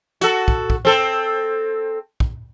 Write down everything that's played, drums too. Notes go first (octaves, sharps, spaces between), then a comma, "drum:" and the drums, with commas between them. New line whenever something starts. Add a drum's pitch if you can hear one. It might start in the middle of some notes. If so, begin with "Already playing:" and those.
F#4 A4, drum: hi-hat
drum: kick
drum: kick
C4 A4
drum: kick